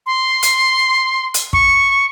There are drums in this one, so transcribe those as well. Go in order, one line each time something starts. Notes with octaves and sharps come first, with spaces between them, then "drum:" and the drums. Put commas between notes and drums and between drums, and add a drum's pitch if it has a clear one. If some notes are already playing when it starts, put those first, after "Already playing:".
C6
drum: hi-hat
drum: hi-hat
C#6, drum: kick